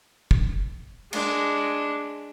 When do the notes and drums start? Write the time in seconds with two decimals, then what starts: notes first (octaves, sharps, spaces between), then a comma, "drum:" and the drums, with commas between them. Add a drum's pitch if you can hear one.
0.31 drum: kick
1.13 G#3 D4, drum: cymbal